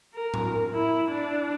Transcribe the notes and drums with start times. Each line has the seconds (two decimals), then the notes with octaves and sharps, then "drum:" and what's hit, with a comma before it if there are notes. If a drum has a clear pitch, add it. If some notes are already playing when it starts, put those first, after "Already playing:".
0.14 A#4
0.34 drum: tom A2
0.74 E4
1.11 D4